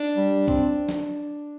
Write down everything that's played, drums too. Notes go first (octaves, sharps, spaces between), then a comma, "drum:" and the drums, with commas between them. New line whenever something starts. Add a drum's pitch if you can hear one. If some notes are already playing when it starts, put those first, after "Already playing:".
Already playing: D4
G3
C4, drum: kick C2
drum: snare